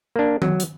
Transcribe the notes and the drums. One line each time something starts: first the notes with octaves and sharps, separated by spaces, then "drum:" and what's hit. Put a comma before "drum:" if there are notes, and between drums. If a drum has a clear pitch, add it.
A#3 D4
F#3, drum: tom D#3
drum: hi-hat